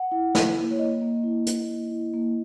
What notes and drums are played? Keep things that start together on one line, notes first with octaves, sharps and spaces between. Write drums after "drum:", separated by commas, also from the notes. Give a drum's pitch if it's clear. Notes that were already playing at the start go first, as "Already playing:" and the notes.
Already playing: F#5
E4
E4, drum: snare
A#3
C#5
A#3 D#5
A#3
E4
E4, drum: hi-hat
A#3
E4
A#3